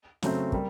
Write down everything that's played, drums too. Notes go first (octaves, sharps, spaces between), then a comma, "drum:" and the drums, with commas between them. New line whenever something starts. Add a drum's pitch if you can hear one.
C#3 F#3 A3 C4, drum: snare
G3 A#3, drum: kick